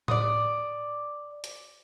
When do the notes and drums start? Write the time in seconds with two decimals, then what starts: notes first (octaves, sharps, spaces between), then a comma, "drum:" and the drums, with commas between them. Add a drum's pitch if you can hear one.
0.08 D5 D#6, drum: tom A2
1.44 drum: hi-hat